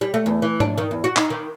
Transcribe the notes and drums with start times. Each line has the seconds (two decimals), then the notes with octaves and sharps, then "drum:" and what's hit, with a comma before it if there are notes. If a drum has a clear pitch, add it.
0.01 G3
0.14 A3
0.26 E2
0.42 E3
0.60 D4, drum: tom G#2
0.78 D#3
0.91 E2
1.04 F#4
1.16 D#4, drum: clap
1.30 D#3